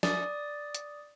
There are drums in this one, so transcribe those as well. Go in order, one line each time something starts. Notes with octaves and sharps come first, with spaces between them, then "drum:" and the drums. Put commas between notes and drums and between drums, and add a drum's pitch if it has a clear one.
D5 D#6, drum: snare
drum: hi-hat